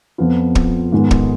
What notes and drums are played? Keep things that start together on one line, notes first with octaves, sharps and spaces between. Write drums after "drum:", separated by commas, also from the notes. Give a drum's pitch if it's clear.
F2 F3 B3 F4
drum: kick
G#2 D#3 G#3 B3
drum: kick